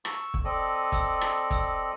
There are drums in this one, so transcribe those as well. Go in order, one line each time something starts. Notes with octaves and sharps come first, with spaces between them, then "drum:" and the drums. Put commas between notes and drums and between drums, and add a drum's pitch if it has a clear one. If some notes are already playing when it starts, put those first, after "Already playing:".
C#6 E6, drum: rim click
drum: kick
C4 A4 D5 D#5
drum: kick, hi-hat
drum: rim click
drum: kick, hi-hat